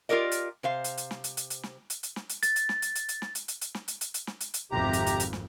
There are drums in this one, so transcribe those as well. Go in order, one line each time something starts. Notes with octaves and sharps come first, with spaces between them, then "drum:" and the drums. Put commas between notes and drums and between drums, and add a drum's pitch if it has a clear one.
F4 G4 A#4 D5 D#5
drum: hi-hat
C3 C5 F5
drum: hi-hat
drum: hi-hat
drum: snare
drum: hi-hat
drum: hi-hat
drum: hi-hat
drum: snare
drum: hi-hat
drum: hi-hat
drum: snare
drum: hi-hat
A6, drum: hi-hat
drum: hi-hat
drum: snare
drum: hi-hat
drum: hi-hat
drum: hi-hat
drum: snare
drum: hi-hat
drum: hi-hat
drum: hi-hat
drum: snare
drum: hi-hat
drum: hi-hat
drum: hi-hat
drum: snare
drum: hi-hat
drum: hi-hat
G#1 F2 C3 G4 A#5
drum: hi-hat
drum: hi-hat
drum: hi-hat
drum: snare